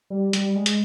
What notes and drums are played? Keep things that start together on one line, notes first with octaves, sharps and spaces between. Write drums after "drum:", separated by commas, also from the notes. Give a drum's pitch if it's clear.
G3
G3, drum: hi-hat
G#3
drum: hi-hat